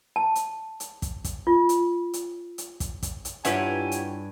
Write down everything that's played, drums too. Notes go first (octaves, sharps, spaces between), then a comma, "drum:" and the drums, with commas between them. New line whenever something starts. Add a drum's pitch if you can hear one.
A5
drum: hi-hat
drum: hi-hat
drum: kick, hi-hat
drum: kick, hi-hat
F4
drum: hi-hat
drum: hi-hat
drum: hi-hat
drum: kick, hi-hat
drum: kick, hi-hat
drum: hi-hat
G2 E4 F4 G4 B4 C#5 F#5 G#5, drum: hi-hat
drum: hi-hat